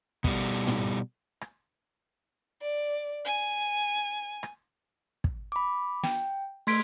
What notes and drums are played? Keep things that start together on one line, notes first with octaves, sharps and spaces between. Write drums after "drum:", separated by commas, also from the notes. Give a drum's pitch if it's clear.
B2 G3, drum: kick
drum: tom
drum: rim click
D5
G#5, drum: hi-hat
drum: rim click
drum: kick
B5 D6
G5, drum: snare
A3 C6 G#6 B6 D7, drum: open hi-hat